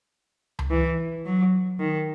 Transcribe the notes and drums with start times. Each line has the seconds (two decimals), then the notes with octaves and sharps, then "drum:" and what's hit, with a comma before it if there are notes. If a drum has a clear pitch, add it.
0.59 drum: tom C#2
0.70 E3
1.26 F#3
1.79 D#3